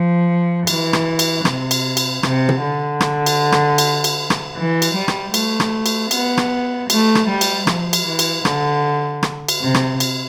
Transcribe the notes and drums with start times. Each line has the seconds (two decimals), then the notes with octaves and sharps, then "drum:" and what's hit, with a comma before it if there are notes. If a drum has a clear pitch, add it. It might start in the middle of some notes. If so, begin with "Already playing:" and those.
Already playing: F3
0.67 E3, drum: cymbal
0.93 drum: rim click
1.19 drum: cymbal
1.45 C3, drum: rim click
1.71 drum: cymbal
1.97 drum: cymbal
2.23 C3, drum: rim click
2.49 drum: tom
2.62 D3
3.01 drum: rim click
3.26 drum: cymbal
3.52 drum: rim click
3.78 drum: cymbal
4.04 drum: cymbal
4.30 drum: rim click
4.57 E3
4.82 drum: cymbal
4.95 G3
5.08 drum: rim click
5.34 A3, drum: cymbal
5.60 drum: rim click
5.86 drum: cymbal
6.11 B3, drum: cymbal
6.37 drum: rim click
6.90 A3, drum: cymbal
7.15 drum: rim click
7.28 G3
7.41 drum: cymbal
7.67 F3, drum: rim click
7.93 drum: cymbal
8.06 E3
8.19 drum: cymbal
8.45 D3, drum: rim click
9.23 drum: rim click
9.49 drum: cymbal
9.61 C3
9.74 drum: rim click
10.00 drum: cymbal